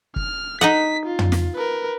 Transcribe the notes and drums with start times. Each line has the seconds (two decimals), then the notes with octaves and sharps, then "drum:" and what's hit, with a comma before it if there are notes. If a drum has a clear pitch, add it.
0.16 F6, drum: kick
0.61 D#4 D#5 F#5 B6
1.06 F4
1.19 drum: tom
1.32 drum: snare
1.55 A#4 B4